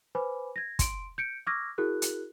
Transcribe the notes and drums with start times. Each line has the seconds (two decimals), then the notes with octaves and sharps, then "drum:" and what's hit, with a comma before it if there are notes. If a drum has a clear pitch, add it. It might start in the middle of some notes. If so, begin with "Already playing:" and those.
0.15 B4 C5 G#5 B5 D6
0.56 G#6 A#6
0.79 C6 D7, drum: kick, hi-hat
1.18 G6 C#7 D7
1.47 C#6 D6 E6 F6 G#6 A#6
1.78 E4 F#4 G#4 A#4 F#6
2.02 drum: hi-hat